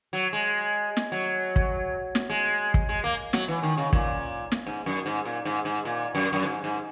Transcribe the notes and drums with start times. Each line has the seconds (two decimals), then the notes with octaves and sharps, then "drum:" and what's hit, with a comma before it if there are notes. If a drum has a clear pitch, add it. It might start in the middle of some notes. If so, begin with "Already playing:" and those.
0.13 F#3
0.33 G#3
0.97 drum: snare
1.12 F#3
1.56 drum: kick
2.15 drum: snare
2.30 G#3
2.74 drum: kick
2.89 G#3
3.04 A#3
3.33 F#3, drum: snare
3.48 E3
3.63 D#3
3.78 C#3
3.93 A#2, drum: kick
4.52 drum: snare
4.67 G#2
4.86 F#2
5.06 G#2
5.25 A#2
5.45 G#2
5.65 G#2
5.85 A#2
6.15 F#2
6.33 F#2
6.44 G#2
6.64 G#2